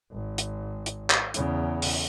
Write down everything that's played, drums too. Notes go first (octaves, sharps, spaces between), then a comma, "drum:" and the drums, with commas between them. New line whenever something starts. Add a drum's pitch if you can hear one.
G#1
drum: hi-hat
drum: hi-hat
drum: clap
E2 C#3, drum: hi-hat
drum: open hi-hat